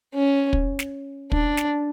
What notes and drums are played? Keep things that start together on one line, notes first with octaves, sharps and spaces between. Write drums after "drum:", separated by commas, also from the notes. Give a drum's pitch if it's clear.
C#4
drum: kick
drum: snare
D4, drum: kick
drum: snare